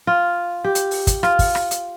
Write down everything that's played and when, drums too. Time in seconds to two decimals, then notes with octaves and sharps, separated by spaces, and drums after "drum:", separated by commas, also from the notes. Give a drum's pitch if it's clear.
0.07 F4
0.64 G4
0.75 drum: hi-hat
0.91 drum: open hi-hat
1.07 drum: kick, hi-hat
1.23 F4, drum: rim click
1.39 drum: kick, open hi-hat
1.55 drum: rim click
1.71 drum: hi-hat